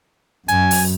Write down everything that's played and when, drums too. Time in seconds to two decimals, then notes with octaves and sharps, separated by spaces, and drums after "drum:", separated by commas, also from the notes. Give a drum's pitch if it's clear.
0.48 F#2 G#5, drum: hi-hat
0.71 drum: open hi-hat